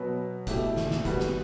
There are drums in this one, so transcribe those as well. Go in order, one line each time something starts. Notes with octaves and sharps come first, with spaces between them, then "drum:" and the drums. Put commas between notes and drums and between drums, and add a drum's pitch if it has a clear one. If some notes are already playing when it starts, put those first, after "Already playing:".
Already playing: B2 F#3 B3
B2 A3 E4 G4, drum: kick F#1, hi-hat
drum: snare
drum: snare
G3 B3 F#4, drum: kick F#1, hi-hat
drum: snare